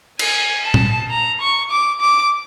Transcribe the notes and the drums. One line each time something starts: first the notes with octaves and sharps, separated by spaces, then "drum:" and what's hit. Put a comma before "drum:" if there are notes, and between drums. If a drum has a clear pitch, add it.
G#5, drum: cymbal
A5
drum: tom
A#5
C#6
D6
D6